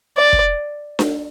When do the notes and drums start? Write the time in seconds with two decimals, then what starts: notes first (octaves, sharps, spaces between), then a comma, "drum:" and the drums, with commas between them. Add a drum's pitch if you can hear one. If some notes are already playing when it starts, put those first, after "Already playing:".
0.17 D5
0.33 drum: kick
0.99 drum: snare D4